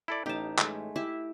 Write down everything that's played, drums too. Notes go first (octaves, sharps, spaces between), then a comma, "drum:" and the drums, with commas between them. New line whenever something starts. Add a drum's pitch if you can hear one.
E4 A4 D5
A1 D#4 G4 A5
G#3 A3, drum: clap
E4 G4 E5